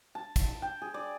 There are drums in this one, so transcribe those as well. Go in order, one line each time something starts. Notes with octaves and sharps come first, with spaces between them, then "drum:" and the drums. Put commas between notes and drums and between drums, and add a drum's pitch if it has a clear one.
A5
drum: kick, hi-hat
G5
G#4
D5